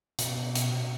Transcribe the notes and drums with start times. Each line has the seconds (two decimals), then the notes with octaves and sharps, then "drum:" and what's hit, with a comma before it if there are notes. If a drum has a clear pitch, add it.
0.19 B2, drum: hi-hat
0.55 drum: hi-hat